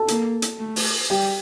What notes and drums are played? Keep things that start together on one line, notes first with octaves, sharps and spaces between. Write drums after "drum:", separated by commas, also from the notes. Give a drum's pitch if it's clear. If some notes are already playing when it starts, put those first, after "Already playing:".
Already playing: A4 A5
A#3, drum: hi-hat
drum: hi-hat
A3
drum: open hi-hat
G3 G4 G5